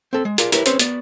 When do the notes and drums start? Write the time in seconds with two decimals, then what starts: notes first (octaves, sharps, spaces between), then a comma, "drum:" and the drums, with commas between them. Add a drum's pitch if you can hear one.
0.13 C4 A4
0.25 G#3
0.38 F4 G#4 A#4 D5 F5, drum: hi-hat
0.52 E4 G4 A#4 B4 C#5, drum: hi-hat
0.66 C4 C#4 G#4 B4 C5, drum: hi-hat
0.79 B3 F#4 D5, drum: hi-hat